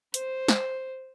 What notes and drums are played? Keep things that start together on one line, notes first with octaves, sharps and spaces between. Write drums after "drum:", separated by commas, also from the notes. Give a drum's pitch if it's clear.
C5, drum: hi-hat
drum: snare